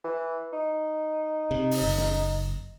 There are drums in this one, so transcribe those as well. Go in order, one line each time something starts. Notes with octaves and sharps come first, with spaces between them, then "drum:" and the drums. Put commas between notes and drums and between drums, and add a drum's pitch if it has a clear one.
E3
D#4
C3
drum: open hi-hat
F#1
drum: snare